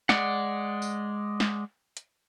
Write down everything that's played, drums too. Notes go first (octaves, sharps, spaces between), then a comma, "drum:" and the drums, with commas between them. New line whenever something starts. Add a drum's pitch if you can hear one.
G#3 D5 F#5, drum: snare
drum: tambourine
drum: snare
drum: hi-hat